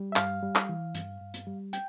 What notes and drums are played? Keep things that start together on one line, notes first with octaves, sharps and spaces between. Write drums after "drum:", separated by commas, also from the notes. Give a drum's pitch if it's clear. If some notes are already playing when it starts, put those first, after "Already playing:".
Already playing: G3
E5
G2 F5, drum: clap
G3
drum: clap
E3
G2, drum: hi-hat
G2
drum: hi-hat
G3
G5, drum: hi-hat